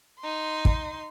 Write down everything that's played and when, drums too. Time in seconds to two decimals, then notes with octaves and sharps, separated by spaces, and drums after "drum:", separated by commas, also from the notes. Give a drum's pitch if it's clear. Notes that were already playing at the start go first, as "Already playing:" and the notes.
0.20 D#4 C6
0.65 drum: kick